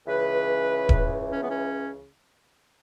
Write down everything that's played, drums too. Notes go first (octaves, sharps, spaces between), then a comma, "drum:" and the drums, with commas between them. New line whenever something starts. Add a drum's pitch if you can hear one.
C#2 C#3 E3 B4
drum: kick D#1
C#4
B3
C#4